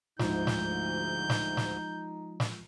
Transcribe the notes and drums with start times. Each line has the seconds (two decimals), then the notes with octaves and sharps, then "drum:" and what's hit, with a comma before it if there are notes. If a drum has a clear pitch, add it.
0.19 D2 G#2 F3 G#3 D#4 F4 G6, drum: snare
0.47 drum: snare
1.30 drum: snare
1.57 drum: snare
2.40 drum: snare